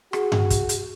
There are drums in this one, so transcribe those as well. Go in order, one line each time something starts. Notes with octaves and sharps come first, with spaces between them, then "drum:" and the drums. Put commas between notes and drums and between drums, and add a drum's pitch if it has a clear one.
F#4 G#4, drum: rim click
drum: tom G2
drum: kick, hi-hat
drum: hi-hat